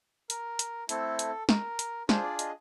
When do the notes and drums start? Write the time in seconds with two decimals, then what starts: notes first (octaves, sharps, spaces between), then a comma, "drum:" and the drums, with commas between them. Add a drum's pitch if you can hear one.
0.30 A#4, drum: hi-hat
0.59 drum: hi-hat
0.89 A3 C4 E4 A4, drum: hi-hat
1.19 drum: hi-hat
1.49 A#4, drum: snare
1.79 drum: hi-hat
2.09 D4 F4 G#4 C5, drum: snare
2.23 D5
2.39 D#5, drum: hi-hat